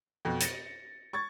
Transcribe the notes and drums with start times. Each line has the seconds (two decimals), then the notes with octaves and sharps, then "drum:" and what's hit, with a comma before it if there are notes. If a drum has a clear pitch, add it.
0.25 F2 B2
0.41 A6 A#6 C#7, drum: hi-hat
1.13 C#6 G#6 A6